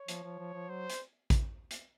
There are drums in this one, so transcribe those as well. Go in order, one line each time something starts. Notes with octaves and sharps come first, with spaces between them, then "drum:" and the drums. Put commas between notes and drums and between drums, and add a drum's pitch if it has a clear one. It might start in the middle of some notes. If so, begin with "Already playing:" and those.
Already playing: C#5
F3, drum: hi-hat
F3
F3
F3
F#3 C5
drum: hi-hat
drum: kick A1, hi-hat
drum: hi-hat